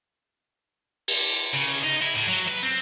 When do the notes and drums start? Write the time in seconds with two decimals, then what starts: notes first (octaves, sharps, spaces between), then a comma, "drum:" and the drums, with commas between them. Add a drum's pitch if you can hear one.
1.08 drum: cymbal
1.54 C#3
1.83 D#4
2.02 E4
2.15 A2
2.28 F#3
2.48 B4
2.63 C4